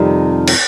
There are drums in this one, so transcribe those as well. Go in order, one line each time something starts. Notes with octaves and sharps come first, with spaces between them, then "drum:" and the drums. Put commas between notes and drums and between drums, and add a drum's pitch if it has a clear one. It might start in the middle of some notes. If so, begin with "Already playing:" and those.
Already playing: F2 C3 D#3 G3 D#4
drum: cymbal